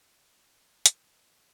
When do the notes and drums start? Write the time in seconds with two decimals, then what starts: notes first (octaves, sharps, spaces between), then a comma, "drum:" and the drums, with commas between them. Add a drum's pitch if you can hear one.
0.03 A4
0.14 B2
0.38 B2
0.72 F#3
0.86 C4, drum: hi-hat
1.17 G#4
1.33 A4